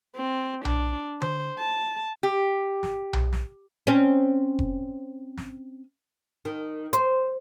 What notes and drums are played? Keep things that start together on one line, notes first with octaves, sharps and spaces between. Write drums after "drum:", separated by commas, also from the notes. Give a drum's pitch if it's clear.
C4
D4, drum: tom B1
C5, drum: tom D3
A5
G4
drum: snare
drum: tom B1
drum: snare
C4 C#4
drum: kick F1
drum: snare
D#3
C5, drum: hi-hat